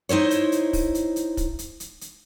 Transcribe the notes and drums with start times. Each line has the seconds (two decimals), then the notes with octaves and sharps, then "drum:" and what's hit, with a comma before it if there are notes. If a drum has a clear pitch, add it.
0.09 D#4 E4 C5 C#5
0.31 drum: hi-hat
0.52 drum: hi-hat
0.73 drum: kick, open hi-hat
0.95 drum: hi-hat
1.16 drum: hi-hat
1.37 drum: kick, hi-hat
1.59 drum: hi-hat
1.80 drum: hi-hat
2.01 drum: hi-hat